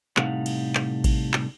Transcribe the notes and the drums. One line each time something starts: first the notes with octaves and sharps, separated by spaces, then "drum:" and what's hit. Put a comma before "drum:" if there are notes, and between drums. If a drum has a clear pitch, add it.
A2 C3 G3 D#4 F5 F#5, drum: clap
drum: cymbal
drum: clap
drum: kick A1, cymbal
drum: clap